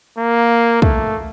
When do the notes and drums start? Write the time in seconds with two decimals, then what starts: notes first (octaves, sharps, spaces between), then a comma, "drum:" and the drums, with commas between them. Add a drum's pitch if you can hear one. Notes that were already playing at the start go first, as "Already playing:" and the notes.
0.18 A#3
0.82 A3, drum: kick